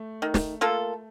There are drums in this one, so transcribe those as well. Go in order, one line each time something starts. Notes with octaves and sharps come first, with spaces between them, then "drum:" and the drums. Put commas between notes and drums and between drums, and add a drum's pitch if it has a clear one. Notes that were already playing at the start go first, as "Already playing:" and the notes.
Already playing: A3
D#3
drum: snare
A#3 F4 A4